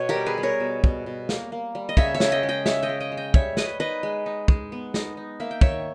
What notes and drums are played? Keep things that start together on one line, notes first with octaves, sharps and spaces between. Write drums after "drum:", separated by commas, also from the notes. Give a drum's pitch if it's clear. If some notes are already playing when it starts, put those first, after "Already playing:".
Already playing: B2 C#5
G4 A#4
G3
G#4 B4
G3
A#4 C#5
B2
B2, drum: kick
B2
A#3, drum: snare
A#3
G3
D#5
C#3 C#5 E5, drum: kick
C#5 E5
C#3, drum: snare
D#5 G5
G#3
D#5 G5
G#3 C#5 E5, drum: snare
D#5 G5
G#3
D#5 G5
G#3
D#5 G5
G3 C#5 E5, drum: kick
G3 B4 D#5, drum: snare
D#4 B4 D#5
G#3
D#4
G#3, drum: kick
B3
D#4, drum: snare
D#4
A#3 E5
G5
D#3 C#5 E5, drum: kick